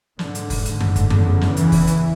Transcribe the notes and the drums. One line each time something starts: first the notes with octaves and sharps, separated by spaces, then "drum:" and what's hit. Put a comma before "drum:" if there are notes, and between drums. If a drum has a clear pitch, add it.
G#2 D3, drum: snare
drum: hi-hat
drum: kick F#1, open hi-hat
D3, drum: hi-hat
drum: tom F#2
drum: kick F#1, hi-hat
E2 C#3, drum: tom F#2
drum: snare
E3, drum: hi-hat
drum: kick F#1, open hi-hat
drum: hi-hat